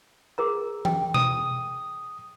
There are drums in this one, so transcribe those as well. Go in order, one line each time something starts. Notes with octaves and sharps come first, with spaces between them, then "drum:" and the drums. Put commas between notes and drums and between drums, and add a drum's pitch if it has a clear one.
G#4 A#4 A#5
G5, drum: tom E3
D#6, drum: tom B2